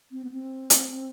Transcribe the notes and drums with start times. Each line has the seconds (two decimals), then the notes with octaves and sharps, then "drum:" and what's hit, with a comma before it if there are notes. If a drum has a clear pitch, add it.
0.12 C4
0.25 B3
0.31 C4
0.70 drum: hi-hat